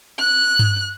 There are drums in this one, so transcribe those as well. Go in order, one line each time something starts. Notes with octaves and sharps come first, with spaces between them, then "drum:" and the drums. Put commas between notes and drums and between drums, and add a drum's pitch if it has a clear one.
F#6
drum: tom G2